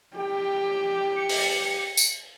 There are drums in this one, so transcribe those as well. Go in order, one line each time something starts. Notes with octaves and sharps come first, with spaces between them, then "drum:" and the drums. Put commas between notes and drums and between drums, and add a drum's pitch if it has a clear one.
G4 G5
C#7
drum: open hi-hat
drum: tambourine